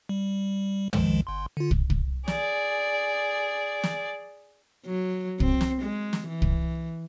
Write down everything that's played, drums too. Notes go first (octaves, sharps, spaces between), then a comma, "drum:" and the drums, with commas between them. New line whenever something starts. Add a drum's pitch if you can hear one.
G3
D#3 F3 G#3, drum: tom
G1 C6
D3 F4
drum: kick
drum: kick
G#4 D5, drum: snare
drum: snare
F#3
C4, drum: kick
drum: snare
G#3
drum: snare
E3
drum: kick